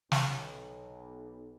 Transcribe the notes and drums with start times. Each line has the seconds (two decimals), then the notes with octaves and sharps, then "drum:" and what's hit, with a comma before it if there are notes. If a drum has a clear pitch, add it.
0.12 B1, drum: snare